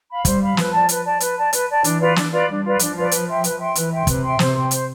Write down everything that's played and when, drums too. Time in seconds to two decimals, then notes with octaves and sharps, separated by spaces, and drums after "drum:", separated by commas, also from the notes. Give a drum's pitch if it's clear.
0.09 F5 B5
0.25 G3 C5, drum: kick, hi-hat
0.41 F5 B5
0.57 F3 B4, drum: snare
0.73 D5 A5
0.89 B4, drum: hi-hat
1.05 D5 A5
1.20 B4, drum: hi-hat
1.37 D5 A5
1.53 B4, drum: hi-hat
1.69 D5 A5
1.84 E3 D4, drum: hi-hat
2.00 F4 B4 D5
2.16 D4, drum: snare
2.32 F4 B4 D5
2.48 G3 D4
2.64 F4 B4 D5
2.79 F3 D4, drum: hi-hat
2.96 F4 B4 D5
3.11 B4, drum: hi-hat
3.28 E5 G5 C6
3.44 B4, drum: hi-hat
3.59 E5 G5 C6
3.75 E3 B4, drum: hi-hat
3.91 E5 G5 C6
4.07 C3 B4, drum: kick, hi-hat
4.23 E5 G5 C6
4.39 C3 C5, drum: snare
4.55 G5 C6
4.71 C5, drum: hi-hat